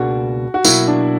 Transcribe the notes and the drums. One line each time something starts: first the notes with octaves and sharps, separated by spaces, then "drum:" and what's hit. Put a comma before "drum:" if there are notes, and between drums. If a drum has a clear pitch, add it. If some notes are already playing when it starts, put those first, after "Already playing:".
Already playing: C#2 B2 A#3 D4 F#4
F#4
B2 F#3 A#3 E4, drum: tambourine
D4